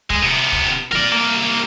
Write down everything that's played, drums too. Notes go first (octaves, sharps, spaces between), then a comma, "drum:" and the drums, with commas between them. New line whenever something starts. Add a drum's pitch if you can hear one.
G#3, drum: kick
C3 B3
drum: kick
A#4 D5, drum: snare
C2 A#3